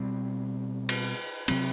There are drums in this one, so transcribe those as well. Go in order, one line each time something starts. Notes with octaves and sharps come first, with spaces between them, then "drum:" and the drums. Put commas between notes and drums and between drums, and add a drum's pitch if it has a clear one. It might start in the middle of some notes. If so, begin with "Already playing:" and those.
Already playing: B2 G3 C4
drum: cymbal
C3 F#3 C4, drum: cymbal